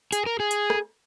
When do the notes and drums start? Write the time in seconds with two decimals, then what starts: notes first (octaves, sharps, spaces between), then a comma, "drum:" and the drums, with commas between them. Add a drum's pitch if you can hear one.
0.12 G#4, drum: hi-hat
0.26 A#4
0.40 G#4
0.51 drum: hi-hat
0.70 drum: rim click